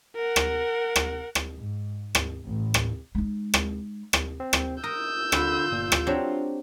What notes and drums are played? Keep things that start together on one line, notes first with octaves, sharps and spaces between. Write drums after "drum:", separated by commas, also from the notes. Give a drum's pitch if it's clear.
A#4 F#5
drum: rim click
drum: rim click
drum: rim click
G#2
drum: rim click
A1
drum: rim click
G#3 D#4
drum: rim click
drum: rim click
C4
drum: rim click
A#4 D#6 E6 G6
D3 F4 B5 F#6, drum: rim click
G1 A#2
drum: rim click
F#3 C4 D4 G4